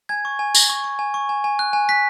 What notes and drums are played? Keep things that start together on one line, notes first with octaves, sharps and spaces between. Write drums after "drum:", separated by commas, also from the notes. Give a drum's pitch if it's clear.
G#5 G#6
C#6
G#5
G#5, drum: tambourine
C#6
C#6
G#5
C#6
G#5
G#5
F#6
G#5
F#6 B6